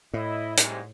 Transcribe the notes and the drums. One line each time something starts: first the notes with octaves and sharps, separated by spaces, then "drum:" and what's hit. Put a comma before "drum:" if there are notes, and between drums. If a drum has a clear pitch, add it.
A2 E4 D#5
G#2 C3 G3, drum: hi-hat